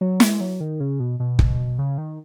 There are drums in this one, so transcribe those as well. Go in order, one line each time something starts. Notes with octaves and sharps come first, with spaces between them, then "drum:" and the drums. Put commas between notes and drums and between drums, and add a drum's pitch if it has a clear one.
F#3
G#3, drum: snare
F#3
D#3
C#3
B2
B2
drum: kick
C#3
D#3